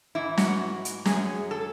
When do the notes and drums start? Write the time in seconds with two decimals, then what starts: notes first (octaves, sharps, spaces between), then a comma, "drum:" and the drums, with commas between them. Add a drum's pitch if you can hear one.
0.15 G#2 E3 E4
0.37 F#4, drum: snare
0.85 drum: hi-hat
1.05 F#2 C#3 F#3 G#4, drum: snare
1.51 A4